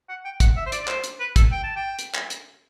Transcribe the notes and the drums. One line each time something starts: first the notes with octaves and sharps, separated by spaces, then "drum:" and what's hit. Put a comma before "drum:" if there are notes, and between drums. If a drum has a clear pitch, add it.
F#5
G5
F#5, drum: kick, hi-hat
E5
C5
D5, drum: hi-hat
D5
C5, drum: clap
drum: hi-hat
B4
A4, drum: kick, hi-hat
G5
A5
G5
drum: hi-hat
drum: clap
drum: hi-hat